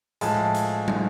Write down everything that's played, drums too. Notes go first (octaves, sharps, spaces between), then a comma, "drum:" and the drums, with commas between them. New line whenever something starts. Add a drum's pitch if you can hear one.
A2 F3 G#3 A5, drum: hi-hat
drum: hi-hat
drum: tom